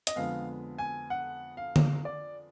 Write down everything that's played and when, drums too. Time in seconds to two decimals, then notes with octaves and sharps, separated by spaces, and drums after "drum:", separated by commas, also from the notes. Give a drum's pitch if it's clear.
0.07 D#5, drum: hi-hat
0.16 F2 D3 G#3 B3 F5
0.78 G#5
1.10 F#5
1.57 F5
1.76 drum: tom D3
2.05 D5